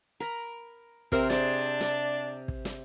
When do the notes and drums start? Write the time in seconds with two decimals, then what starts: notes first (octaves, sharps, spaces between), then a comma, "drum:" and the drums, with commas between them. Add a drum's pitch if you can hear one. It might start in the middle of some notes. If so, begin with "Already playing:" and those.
0.20 A#4 A#5 B5
1.12 C3 C4 A#4, drum: kick
1.30 D4 G#4 C5 D5, drum: snare
1.81 drum: snare
2.48 drum: kick
2.65 drum: snare